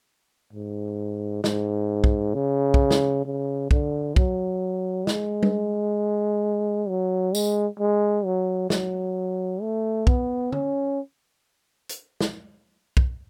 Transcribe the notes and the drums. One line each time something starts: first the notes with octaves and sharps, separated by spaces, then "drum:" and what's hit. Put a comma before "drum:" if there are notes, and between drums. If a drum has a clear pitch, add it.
G#2
G#2, drum: snare
drum: kick
C#3
drum: kick
drum: snare
C#3
D3, drum: kick
F#3, drum: kick
G#3, drum: snare
drum: tom G3
F#3
G#3, drum: tambourine
G#3
F#3
F#3, drum: snare
A3
B3, drum: kick
C#4, drum: tom
drum: hi-hat
drum: snare
drum: kick